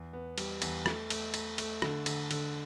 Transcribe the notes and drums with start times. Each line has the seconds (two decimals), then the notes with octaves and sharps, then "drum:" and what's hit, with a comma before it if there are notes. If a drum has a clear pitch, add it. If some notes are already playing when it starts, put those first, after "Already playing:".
Already playing: E2
0.13 B3
0.38 G3, drum: cymbal
0.62 E2, drum: cymbal
0.86 A3, drum: rim click
1.10 A3, drum: cymbal
1.34 A3, drum: cymbal
1.58 A3, drum: cymbal
1.82 D3, drum: rim click
2.06 D3, drum: cymbal
2.31 D3, drum: cymbal